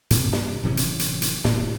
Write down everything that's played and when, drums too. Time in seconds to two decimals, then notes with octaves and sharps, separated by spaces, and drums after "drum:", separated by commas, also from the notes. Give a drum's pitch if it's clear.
0.10 G2 C3, drum: hi-hat
0.33 drum: snare
0.63 D1 C3 E3 C#4
0.77 drum: hi-hat
0.99 drum: hi-hat
1.22 drum: hi-hat
1.44 D1 A2 C3, drum: snare